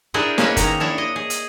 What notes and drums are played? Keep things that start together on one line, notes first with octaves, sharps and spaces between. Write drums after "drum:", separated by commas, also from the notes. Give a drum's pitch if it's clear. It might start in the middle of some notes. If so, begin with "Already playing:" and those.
D4 E4 G#4 A#4 F#5 G5
G#3 A#3 C#4 E4 B4 C#5, drum: snare
D#3 A#5, drum: kick, hi-hat
D4 E4 C#5
D#5
G#4
drum: hi-hat